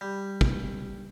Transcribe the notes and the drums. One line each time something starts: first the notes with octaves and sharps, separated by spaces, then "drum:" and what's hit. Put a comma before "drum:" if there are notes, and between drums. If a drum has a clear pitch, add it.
G3
drum: kick